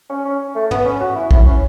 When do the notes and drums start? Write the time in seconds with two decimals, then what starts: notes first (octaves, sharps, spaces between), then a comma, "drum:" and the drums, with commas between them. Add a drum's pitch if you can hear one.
0.10 C#4
0.25 C#4
0.55 A3
0.71 B3, drum: tom
0.86 C#4
1.01 F#4
1.16 E4
1.31 E4, drum: kick
1.46 C#4